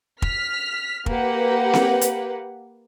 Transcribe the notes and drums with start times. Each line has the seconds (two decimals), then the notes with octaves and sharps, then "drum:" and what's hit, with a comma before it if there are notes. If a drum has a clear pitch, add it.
0.22 F6 B6, drum: kick
1.06 A#3 G4 B4 F#5, drum: kick
1.74 drum: snare C4
2.01 drum: hi-hat